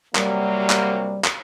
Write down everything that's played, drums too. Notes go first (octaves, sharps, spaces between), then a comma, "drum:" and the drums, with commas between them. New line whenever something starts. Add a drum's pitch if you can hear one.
C3 F#3 G3 A#3, drum: clap
drum: clap
drum: clap